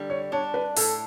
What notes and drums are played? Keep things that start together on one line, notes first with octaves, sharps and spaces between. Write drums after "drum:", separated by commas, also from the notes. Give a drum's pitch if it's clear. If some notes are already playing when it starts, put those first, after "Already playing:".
Already playing: D3 G3
C#5
D4 C#5
B4
A2 A4, drum: open hi-hat